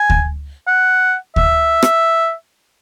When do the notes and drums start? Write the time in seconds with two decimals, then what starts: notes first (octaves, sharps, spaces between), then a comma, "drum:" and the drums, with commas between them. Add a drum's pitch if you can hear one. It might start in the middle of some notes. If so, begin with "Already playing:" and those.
Already playing: G#5
0.10 drum: kick D2
0.67 F#5
1.36 E5, drum: kick D2
1.83 drum: rim click